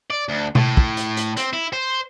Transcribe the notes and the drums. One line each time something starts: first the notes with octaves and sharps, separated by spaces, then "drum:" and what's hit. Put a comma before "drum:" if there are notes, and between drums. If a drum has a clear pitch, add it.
D5
D2
A2, drum: tom B2
drum: kick
drum: hi-hat
drum: hi-hat
C4, drum: hi-hat
E4
C5